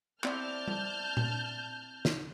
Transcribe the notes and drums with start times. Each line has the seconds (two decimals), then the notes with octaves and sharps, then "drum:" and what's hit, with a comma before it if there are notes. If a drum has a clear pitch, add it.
0.24 C4 E4 D5 A5 F6 G6, drum: clap
0.68 drum: tom G3
1.17 drum: tom A#2
2.05 drum: snare